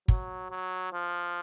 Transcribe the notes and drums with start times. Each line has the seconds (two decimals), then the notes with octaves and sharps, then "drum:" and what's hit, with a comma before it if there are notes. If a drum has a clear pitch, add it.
0.08 F#3, drum: kick
0.51 F#3
0.93 F3